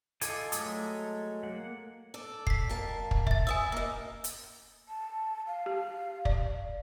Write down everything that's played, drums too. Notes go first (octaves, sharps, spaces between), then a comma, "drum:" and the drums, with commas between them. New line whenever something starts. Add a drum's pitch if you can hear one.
F4 A4 D5 D#5 G#5, drum: hi-hat
F#3 G#3 A3 A4 D#6, drum: hi-hat
A#3 F#5
A4 D5
B6 C7, drum: kick
F2 A#3 A5
drum: kick
E5 A6, drum: kick
E4 E5 G#5 D#6 E6
A#3 D#4 E6
drum: hi-hat
A5
F5
G4
D5, drum: kick